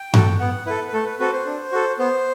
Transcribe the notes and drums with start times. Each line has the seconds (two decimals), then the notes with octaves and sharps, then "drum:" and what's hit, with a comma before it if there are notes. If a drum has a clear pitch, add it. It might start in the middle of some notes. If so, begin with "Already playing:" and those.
Already playing: G5
0.14 F#4 A4, drum: tom G2
0.40 B3 F#5
0.66 E4 A4 B4
0.88 B4
0.93 A3 A4
1.06 B4
1.19 C4 F#4 A4 B4
1.33 C5
1.46 D4
1.72 F#4 A4
1.99 B3 C5